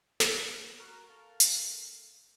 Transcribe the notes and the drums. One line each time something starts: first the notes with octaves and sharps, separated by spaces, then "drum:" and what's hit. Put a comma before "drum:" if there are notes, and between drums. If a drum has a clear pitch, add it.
B5, drum: snare
F#4 A#4 A#5 F6
A#3 A4 F5
drum: hi-hat